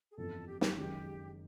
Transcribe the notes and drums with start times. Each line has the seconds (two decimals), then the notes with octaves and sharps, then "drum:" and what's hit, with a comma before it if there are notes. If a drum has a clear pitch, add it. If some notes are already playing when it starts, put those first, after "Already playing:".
0.11 G#4
0.17 G1 F2 C#3 E3 A4
0.47 G4
0.61 G4, drum: snare
0.76 F#1 F#2 D#3 G#3 C#4 G4